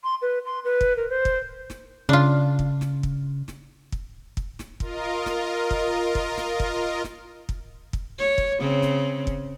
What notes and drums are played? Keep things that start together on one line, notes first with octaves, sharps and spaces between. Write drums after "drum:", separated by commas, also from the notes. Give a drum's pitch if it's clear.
C6
B4
C6
B4
drum: kick
A#4
C5
drum: kick
drum: snare
C#3 D4 F4
drum: kick
drum: snare
drum: kick
drum: snare
drum: kick
drum: kick
drum: snare
F4 A#4 D#5, drum: kick
drum: snare
drum: kick
drum: kick
drum: snare
drum: kick
drum: snare
drum: kick
drum: kick
C#5
drum: kick
C#3 C4
drum: snare
drum: kick